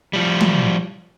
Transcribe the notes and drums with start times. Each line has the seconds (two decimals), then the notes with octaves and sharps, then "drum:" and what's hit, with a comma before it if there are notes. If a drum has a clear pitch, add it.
0.13 F3 G3
0.41 drum: tom